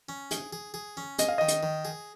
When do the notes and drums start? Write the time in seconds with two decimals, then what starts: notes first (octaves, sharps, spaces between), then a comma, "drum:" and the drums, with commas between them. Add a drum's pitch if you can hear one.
0.09 C#4
0.31 G#4, drum: hi-hat
0.53 G#4
0.74 G#4
0.97 C#4
1.19 G#4 D#5, drum: hi-hat
1.28 F5
1.38 D#3 D#5
1.48 drum: hi-hat
1.63 D#3
1.85 G#4